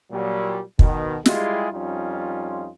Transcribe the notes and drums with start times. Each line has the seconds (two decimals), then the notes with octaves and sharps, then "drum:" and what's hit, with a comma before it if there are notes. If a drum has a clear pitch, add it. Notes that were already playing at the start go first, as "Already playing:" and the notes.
0.12 A#2 F#3 G3
0.79 B2 D#3, drum: kick
1.26 G3 G#3 E4 F4 G4 G#4, drum: snare
1.72 F2 G3 C#4 D#4 F4